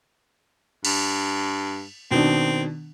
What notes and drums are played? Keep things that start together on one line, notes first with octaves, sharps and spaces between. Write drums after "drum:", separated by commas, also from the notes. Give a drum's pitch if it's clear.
G2, drum: cymbal
B2 D#3 C4 D4